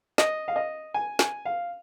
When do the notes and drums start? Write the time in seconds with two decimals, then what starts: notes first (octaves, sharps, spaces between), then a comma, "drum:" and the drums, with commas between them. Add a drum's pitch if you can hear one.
0.18 D#5, drum: snare
0.48 F5
0.56 D#5
0.94 G#5
1.19 G#5, drum: snare
1.45 F5